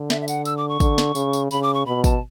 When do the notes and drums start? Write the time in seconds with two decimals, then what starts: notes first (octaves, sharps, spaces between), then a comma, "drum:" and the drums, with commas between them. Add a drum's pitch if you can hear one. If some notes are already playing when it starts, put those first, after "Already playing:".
Already playing: D3
0.10 E5, drum: snare
0.21 E5
0.28 F#5, drum: tambourine
0.45 E6, drum: tambourine
0.57 D6
0.69 C#6
0.80 D3, drum: kick, tambourine
0.98 drum: snare
1.15 C#3, drum: tambourine
1.33 drum: tambourine
1.51 C#3 B5, drum: tambourine
1.63 D6
1.74 C#6
1.86 B2 B5
2.04 A5, drum: kick, tambourine